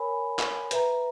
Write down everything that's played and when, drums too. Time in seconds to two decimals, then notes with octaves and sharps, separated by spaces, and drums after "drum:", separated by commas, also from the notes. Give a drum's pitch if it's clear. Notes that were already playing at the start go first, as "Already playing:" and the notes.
Already playing: A#4 C#5 G#5 B5
0.39 drum: clap
0.71 B4 E5 A#5, drum: hi-hat